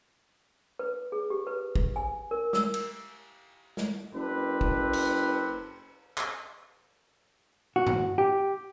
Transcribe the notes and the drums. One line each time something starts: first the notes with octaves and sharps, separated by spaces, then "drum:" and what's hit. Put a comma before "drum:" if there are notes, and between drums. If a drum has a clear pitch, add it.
B4
G#4
G4
B4
drum: kick
G#5
A#4
E6, drum: snare
drum: cymbal
drum: snare
F#1 C4 D4 B4
drum: kick
drum: cymbal
drum: clap
F#4
drum: tom G2
G4